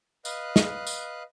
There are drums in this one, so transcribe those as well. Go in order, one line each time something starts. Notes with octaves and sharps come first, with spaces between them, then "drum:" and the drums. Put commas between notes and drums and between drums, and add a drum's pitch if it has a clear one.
B4 D#5 F5 F#6, drum: tambourine
drum: snare
drum: tambourine